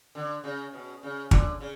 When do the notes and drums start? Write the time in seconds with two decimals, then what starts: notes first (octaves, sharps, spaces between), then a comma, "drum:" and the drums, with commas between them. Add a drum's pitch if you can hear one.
0.15 D3
0.44 C#3
0.73 B2
1.03 C#3
1.31 D3, drum: kick
1.60 C#3